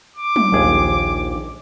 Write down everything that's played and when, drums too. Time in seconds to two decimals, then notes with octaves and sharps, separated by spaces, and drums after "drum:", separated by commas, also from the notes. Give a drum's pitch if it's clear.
0.16 D6
0.36 drum: tom F#3
0.52 A#1 D#2 G#4